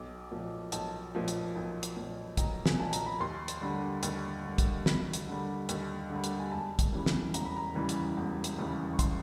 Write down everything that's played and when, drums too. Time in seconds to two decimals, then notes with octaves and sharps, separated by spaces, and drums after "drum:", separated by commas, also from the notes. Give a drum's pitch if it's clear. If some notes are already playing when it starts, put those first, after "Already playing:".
Already playing: B1 D6
0.31 A#2 F3
0.72 B1 A5, drum: hi-hat
1.15 A#2 F3
1.28 drum: hi-hat
1.56 B1
1.83 drum: hi-hat
1.97 A#2 F3
2.37 B1 A#5, drum: kick, hi-hat
2.66 G#5, drum: snare
2.79 A#2 F3 A5
2.93 A#5, drum: hi-hat
3.06 B5
3.20 D#2 C6
3.48 drum: hi-hat
3.61 D3 G3
4.03 D#2, drum: hi-hat
4.45 D3 G3
4.58 drum: kick, hi-hat
4.86 D#2 B5, drum: snare
5.13 drum: hi-hat
5.27 D3 G3
5.69 D#2, drum: hi-hat
6.10 D3 G3
6.24 drum: hi-hat
6.40 G#5
6.51 E1 A5
6.79 drum: kick, hi-hat
6.93 D#2 C#3 E3 G3
7.06 drum: snare
7.34 E1 A#5, drum: hi-hat
7.45 B5
7.57 A#5
7.75 D#2 C#3 E3 G3
7.89 drum: hi-hat
8.17 E1
8.44 drum: hi-hat
8.58 D#2 C#3 E3 G3
8.94 C#6
8.99 C6, drum: kick, hi-hat